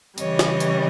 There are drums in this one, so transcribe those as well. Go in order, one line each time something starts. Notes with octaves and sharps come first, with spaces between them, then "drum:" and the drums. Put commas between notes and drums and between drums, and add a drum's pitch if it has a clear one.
C#3 E3 G3 C#5 D#5, drum: hi-hat
drum: snare
drum: hi-hat